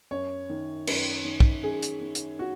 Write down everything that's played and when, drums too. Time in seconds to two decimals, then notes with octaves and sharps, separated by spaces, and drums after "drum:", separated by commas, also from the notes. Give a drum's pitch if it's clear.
0.11 F#2 C#5
0.49 D#3
0.87 F#2, drum: cymbal
1.25 D#3
1.40 drum: kick
1.63 F#2 G#4
1.82 drum: hi-hat
2.01 D#3
2.15 drum: hi-hat
2.39 F#4